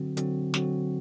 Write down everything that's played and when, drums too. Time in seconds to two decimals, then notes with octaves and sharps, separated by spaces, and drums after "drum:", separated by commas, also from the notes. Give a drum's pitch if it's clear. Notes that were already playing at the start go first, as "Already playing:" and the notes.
Already playing: D3 F#3 C4 F#4
0.17 D3 F#3 C4 F#4, drum: hi-hat
0.54 D3 F#3 C4 F#4, drum: snare